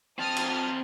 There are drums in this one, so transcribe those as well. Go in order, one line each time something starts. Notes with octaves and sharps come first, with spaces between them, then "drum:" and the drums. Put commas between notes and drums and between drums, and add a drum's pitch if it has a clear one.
C4 A5 D#6 F6
drum: cymbal